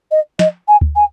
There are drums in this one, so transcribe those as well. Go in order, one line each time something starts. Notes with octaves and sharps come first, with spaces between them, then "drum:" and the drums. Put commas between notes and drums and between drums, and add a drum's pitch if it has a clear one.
D#5
D#5, drum: snare
G#5
drum: kick D2
G#5